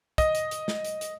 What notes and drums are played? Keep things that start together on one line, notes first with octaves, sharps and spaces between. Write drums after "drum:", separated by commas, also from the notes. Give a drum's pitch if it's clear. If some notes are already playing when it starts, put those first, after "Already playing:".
D#5, drum: kick, hi-hat
drum: hi-hat
drum: hi-hat
drum: snare
drum: hi-hat
drum: hi-hat